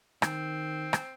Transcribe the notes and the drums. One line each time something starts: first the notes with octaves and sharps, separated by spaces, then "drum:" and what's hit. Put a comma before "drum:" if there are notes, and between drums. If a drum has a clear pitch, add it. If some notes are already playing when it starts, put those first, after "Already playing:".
D#3 C4, drum: rim click
drum: rim click